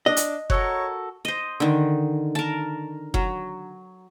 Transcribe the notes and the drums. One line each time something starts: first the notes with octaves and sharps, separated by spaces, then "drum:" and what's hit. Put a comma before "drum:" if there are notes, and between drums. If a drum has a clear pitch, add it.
D4 D#5
drum: hi-hat
F#4 A4 A#4 C#5, drum: kick F#1
C5 D#5
D3 D#3
A#4 A5
F#3, drum: kick F#1